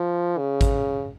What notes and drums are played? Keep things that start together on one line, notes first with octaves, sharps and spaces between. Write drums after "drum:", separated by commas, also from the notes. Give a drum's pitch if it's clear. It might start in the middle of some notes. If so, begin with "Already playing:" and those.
Already playing: F3
C#3
drum: kick G#1, hi-hat